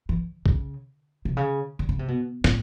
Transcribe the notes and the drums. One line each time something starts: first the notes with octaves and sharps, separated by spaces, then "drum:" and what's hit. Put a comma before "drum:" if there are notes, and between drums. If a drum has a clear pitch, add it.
E3
C#3, drum: kick B1
C3
C#3
D3
C#3
C3
B2
A2, drum: snare